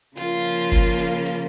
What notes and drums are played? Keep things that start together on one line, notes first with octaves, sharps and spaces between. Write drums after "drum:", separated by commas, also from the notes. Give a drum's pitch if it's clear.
C#3 F3 A#3 F4, drum: hi-hat
drum: kick F#1, hi-hat
drum: hi-hat
drum: hi-hat